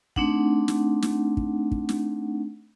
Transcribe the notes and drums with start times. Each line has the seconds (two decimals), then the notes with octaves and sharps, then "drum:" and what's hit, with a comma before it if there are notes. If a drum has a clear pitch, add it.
0.16 A3 C4 D4 D#4 F#5, drum: kick
0.68 drum: snare
1.02 drum: snare
1.37 drum: kick
1.71 drum: kick
1.89 drum: snare